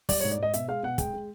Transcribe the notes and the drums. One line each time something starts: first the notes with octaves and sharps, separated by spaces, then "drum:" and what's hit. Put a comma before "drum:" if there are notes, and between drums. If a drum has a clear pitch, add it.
G3 D5, drum: kick, open hi-hat
C#5
G#2
D5
G#2 D#5
B2 E5, drum: hi-hat
G#3 F5
B2 F#5
G#3 G5, drum: kick, hi-hat
G#3